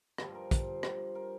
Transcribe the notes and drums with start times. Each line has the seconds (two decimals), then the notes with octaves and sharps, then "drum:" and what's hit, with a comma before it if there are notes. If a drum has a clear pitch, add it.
0.18 G2 F3 F4, drum: rim click
0.35 A#4
0.51 C5, drum: kick, hi-hat
0.83 drum: rim click
1.15 A#4